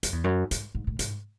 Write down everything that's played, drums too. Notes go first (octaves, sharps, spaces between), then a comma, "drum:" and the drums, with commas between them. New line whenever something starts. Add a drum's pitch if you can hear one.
F#2, drum: hi-hat
E2
F#2
G#2, drum: hi-hat
G#2
A2
G#2, drum: hi-hat